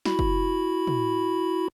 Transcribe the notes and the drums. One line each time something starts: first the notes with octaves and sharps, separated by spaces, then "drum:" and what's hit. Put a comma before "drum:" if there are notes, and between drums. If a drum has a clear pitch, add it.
E4 F#4 B5, drum: snare
drum: kick
drum: tom